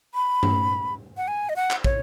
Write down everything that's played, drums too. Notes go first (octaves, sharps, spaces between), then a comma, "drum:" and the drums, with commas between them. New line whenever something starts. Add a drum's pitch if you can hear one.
B5
drum: tom G2
F#5
G#5
D#5
F#5
drum: clap
C#5, drum: kick